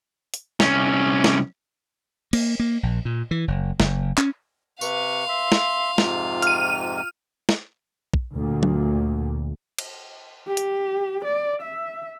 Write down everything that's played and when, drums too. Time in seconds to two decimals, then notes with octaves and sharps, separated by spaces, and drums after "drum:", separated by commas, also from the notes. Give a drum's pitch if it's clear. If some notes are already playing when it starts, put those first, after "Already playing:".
0.34 drum: hi-hat
0.60 C2 C#4, drum: snare
1.24 drum: snare
2.33 A#3, drum: cymbal
2.60 A#3
2.83 A#1
3.05 A#2
3.31 E3
3.48 F#1
3.80 F#1, drum: snare
4.18 C#4, drum: clap
4.81 C3 B4 F5 C#6, drum: tambourine
5.29 E5 C6
5.52 drum: snare
5.98 F2 G#2 C3 F4, drum: snare
6.42 F6 D#7, drum: hi-hat
7.49 drum: snare
8.14 drum: kick
8.34 D2 A#2
8.63 drum: tom F#3
9.79 drum: cymbal
10.47 G4
10.57 drum: hi-hat
11.25 D5
11.62 E5